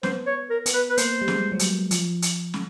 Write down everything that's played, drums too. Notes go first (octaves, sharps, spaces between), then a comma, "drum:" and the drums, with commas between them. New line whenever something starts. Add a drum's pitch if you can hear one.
B3 C5, drum: snare
C#5
A#4
B3, drum: hi-hat
B4
B4
A#3 C5, drum: hi-hat
G3
G#3, drum: snare
F#3
G3, drum: hi-hat
F3, drum: hi-hat
drum: hi-hat
drum: snare